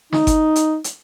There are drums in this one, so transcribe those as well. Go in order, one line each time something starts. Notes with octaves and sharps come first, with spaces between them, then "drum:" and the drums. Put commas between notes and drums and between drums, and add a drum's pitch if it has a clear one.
D#4, drum: snare
drum: kick G1, hi-hat
drum: hi-hat
drum: hi-hat